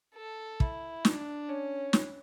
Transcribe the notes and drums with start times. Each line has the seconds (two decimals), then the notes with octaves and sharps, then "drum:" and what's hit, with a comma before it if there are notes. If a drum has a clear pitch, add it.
0.14 A4
0.60 E4, drum: kick
1.05 D4, drum: snare
1.48 C#4
1.93 drum: snare